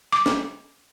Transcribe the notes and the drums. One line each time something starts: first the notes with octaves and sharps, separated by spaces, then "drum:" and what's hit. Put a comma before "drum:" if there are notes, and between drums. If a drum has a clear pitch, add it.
D6
drum: snare